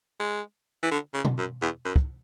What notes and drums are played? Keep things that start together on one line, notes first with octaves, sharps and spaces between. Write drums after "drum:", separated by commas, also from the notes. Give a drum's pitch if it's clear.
G#3
E3
D3
C#3
drum: tom B2
F#2
E2
F#2
drum: kick